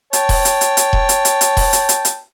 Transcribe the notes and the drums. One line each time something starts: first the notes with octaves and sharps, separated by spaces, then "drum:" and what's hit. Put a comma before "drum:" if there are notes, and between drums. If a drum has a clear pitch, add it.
C#5 G5 A5, drum: hi-hat
drum: kick E1, open hi-hat
drum: hi-hat
drum: hi-hat
drum: hi-hat
drum: kick E1
drum: hi-hat
drum: hi-hat
drum: hi-hat
drum: kick E1, open hi-hat
drum: hi-hat
drum: hi-hat
drum: hi-hat